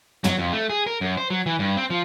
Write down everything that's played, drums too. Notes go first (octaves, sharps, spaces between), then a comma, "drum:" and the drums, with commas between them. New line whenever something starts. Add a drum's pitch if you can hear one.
F#3, drum: tom
F2
A3
G#4
A#4
F#2
C5
F#3
E3
G2
C4
F3